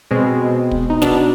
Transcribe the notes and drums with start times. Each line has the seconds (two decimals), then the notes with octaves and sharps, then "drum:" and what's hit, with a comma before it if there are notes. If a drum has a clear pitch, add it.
0.11 B2 G#3 C4
0.71 drum: kick
0.90 D#4
1.02 B2 B3 D4, drum: snare